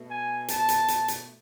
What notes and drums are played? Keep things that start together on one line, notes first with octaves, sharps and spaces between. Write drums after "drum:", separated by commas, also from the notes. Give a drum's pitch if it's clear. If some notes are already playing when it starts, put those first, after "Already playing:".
Already playing: B2 A3
G#5
A5, drum: hi-hat
drum: hi-hat
drum: hi-hat
drum: hi-hat